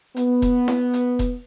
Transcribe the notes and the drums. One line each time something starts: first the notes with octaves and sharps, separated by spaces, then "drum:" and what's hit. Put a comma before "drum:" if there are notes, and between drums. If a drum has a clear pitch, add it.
B3, drum: hi-hat
drum: kick E1, hi-hat
drum: snare E4
drum: hi-hat
drum: kick E1, hi-hat